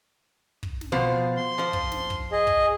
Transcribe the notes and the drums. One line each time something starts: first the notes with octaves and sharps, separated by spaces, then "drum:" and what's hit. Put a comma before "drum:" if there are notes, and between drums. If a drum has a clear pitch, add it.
drum: kick
drum: snare
B2 F3 C5
C6
F3 C5
drum: kick
drum: snare
drum: kick
G#4 D#5
drum: kick